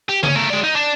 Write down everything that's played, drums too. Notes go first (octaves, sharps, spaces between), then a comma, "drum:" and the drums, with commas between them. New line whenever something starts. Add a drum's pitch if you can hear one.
G4
C#4, drum: tom C#3
A3 A#4
G#3 D5
D#4
D4